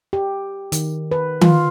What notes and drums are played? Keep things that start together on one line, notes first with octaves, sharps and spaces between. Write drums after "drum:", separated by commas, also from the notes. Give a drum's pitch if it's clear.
G4
D#3, drum: hi-hat
B4
F4, drum: tom D#3